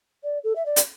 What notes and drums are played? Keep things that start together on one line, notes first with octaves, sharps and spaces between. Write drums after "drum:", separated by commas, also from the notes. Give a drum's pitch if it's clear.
D5
A4
E5
D5
drum: hi-hat